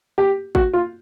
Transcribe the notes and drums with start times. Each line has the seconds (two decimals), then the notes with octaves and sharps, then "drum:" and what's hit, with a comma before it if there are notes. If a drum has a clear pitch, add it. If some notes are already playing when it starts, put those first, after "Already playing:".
0.18 G4
0.55 F#4, drum: kick
0.73 F4